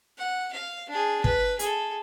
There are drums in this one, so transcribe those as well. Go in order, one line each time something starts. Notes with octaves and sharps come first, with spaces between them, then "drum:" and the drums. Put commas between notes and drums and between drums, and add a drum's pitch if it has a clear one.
F#5
F5
D4 G#4
B4, drum: kick
G#4 A4, drum: hi-hat